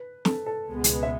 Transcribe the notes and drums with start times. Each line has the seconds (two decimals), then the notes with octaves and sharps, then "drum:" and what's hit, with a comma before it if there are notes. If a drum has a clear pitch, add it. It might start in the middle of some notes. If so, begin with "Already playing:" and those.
Already playing: B4
0.25 A4, drum: snare
0.46 A4
0.69 C#2 B2 G#3 B3
0.84 drum: hi-hat
1.03 E5